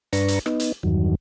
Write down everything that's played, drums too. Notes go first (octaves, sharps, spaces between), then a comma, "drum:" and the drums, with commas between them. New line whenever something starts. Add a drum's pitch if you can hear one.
G2 D4 B4 A#5 C#6, drum: hi-hat
drum: hi-hat
B3 D#4, drum: rim click
drum: hi-hat
E2 G2 D#3 F#3